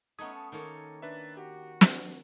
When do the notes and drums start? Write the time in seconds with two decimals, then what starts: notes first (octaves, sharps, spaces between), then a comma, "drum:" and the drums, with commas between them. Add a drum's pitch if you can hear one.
0.19 A3 B3 C#4 D#4 D#6 G#6
0.34 A5
0.52 D#3 A#3 A4 C#5
1.02 D4 B4 E5 A6
1.37 F#4 G4
1.81 D4, drum: snare